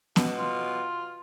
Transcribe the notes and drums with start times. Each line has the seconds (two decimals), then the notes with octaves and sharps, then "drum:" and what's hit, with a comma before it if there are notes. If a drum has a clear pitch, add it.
0.16 B2, drum: snare B3
0.38 F4